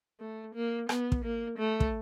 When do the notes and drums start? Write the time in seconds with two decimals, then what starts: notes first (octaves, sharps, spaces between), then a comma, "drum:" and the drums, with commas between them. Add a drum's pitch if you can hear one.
0.20 A3
0.55 A#3
0.89 B3, drum: rim click
1.12 drum: kick
1.24 A#3
1.58 A3
1.80 drum: kick